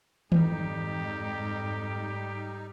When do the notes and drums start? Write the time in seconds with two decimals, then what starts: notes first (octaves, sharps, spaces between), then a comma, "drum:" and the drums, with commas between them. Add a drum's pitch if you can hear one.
0.32 F2 G#2 G3 D#4 G4, drum: tom D#3